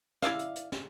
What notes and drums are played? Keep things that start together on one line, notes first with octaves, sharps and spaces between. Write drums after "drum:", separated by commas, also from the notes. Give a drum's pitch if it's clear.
E4 D5 E5 F5, drum: snare
drum: hi-hat
drum: hi-hat
drum: snare